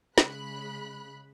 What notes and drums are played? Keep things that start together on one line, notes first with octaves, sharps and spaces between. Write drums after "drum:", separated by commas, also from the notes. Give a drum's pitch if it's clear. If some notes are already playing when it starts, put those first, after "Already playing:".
C#3 G#3 B5 F#6, drum: snare